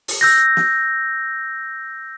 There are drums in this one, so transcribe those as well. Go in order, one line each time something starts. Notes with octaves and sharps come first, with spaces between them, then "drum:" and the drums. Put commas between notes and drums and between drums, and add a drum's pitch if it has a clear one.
drum: open hi-hat
E6 G6 A#6
drum: snare